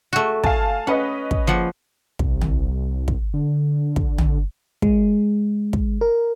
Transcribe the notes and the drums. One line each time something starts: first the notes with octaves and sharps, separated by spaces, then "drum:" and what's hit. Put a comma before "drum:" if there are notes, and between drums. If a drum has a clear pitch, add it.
A3 F#4
F5 G#5 A5, drum: kick
C#4 B4 D#5 F#5
drum: kick
F3 A#3 F#5
C2, drum: kick
drum: tom
drum: kick
D3
drum: kick
drum: tom
G#3, drum: kick
drum: kick
A#4